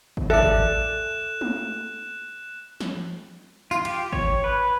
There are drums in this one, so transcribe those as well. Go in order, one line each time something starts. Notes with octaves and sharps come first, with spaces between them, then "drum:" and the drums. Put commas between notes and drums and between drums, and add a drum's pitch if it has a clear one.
drum: kick G#1
A4 D5 E5 F5 G#5 F#6 E7
drum: kick G#1
drum: tom
drum: snare
F4, drum: tambourine
G4, drum: cymbal
C#5, drum: kick G#1
B4